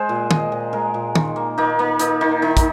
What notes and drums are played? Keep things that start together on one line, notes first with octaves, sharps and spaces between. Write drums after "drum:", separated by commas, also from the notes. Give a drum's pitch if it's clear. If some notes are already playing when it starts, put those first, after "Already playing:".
Already playing: G#3 C5
A#2
G#3 D#5, drum: tom
A#2
G#3 A#4
A#2
D#3, drum: tom
A#3
A#3 D#4
A#3
A#3 D#4, drum: hi-hat
D#3 D#4
D#3 D#4
drum: kick, hi-hat